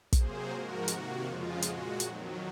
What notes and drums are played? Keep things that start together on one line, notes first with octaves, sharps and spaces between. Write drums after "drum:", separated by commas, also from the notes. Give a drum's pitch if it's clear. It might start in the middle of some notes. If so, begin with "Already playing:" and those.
C3 F#3 A#3 G#4 C5, drum: kick, hi-hat
G#2 F3 G#3 F#4 A#4
C3 D#3 A#3 F#4, drum: hi-hat
F2 C#3 F3 G#3 F4
A#2 G#3 F#4, drum: hi-hat
F2 D#3 F#3, drum: hi-hat